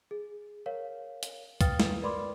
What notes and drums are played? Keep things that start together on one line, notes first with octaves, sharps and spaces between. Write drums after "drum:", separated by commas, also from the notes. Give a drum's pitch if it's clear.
G#4
A#4 C#5 F5
drum: hi-hat
B4 F5 G5 D#6 F6 A6, drum: kick, hi-hat
drum: snare
A#4 B4 D5 B5 C6 D6